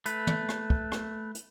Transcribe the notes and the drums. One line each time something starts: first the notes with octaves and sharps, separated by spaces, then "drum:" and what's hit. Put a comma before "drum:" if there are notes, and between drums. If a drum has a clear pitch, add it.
A3 B4, drum: hi-hat
drum: tom
drum: rim click
drum: kick
drum: rim click
drum: hi-hat